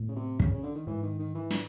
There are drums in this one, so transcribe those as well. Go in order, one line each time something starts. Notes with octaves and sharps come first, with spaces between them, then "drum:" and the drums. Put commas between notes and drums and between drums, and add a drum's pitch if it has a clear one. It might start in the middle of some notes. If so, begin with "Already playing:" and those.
Already playing: A2
C#3
C3
C#3, drum: kick
C#3
D3
D#3
G#2 E3
D#3
D#3
E3
drum: snare